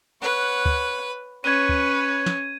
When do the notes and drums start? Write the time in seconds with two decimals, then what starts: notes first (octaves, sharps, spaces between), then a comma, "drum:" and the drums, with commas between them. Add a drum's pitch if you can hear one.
0.21 B4 C#5 F#5
0.65 drum: kick D2
1.44 C#4 B4 C#5 G#6 D#7
1.69 drum: kick D2
2.26 drum: snare